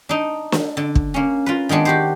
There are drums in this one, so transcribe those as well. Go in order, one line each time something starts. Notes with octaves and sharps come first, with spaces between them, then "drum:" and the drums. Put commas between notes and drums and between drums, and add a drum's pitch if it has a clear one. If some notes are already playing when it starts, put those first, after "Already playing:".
D4 D#4
drum: snare
D3
drum: kick
A#3 C#4
F4 A#4 B4
D#3 G#3 B3 D4
F#4 G4 C5